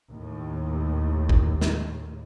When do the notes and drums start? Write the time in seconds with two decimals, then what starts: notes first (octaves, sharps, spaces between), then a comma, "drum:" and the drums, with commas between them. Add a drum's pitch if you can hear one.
0.10 D#2 A2
1.29 drum: kick
1.61 drum: snare